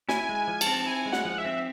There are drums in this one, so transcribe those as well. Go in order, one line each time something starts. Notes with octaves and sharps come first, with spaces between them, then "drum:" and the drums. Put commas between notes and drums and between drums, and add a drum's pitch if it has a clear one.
E4 G#5, drum: snare
G#3
G#5
F3
A5, drum: cymbal
C4
E4 G#5
G#3
F#5, drum: snare
F3
E5
C4